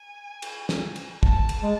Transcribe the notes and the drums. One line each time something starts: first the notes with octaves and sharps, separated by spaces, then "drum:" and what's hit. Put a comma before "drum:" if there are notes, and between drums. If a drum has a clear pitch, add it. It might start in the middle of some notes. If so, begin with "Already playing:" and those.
Already playing: G#5
drum: cymbal
drum: snare
drum: cymbal
A5, drum: kick
drum: cymbal
G#3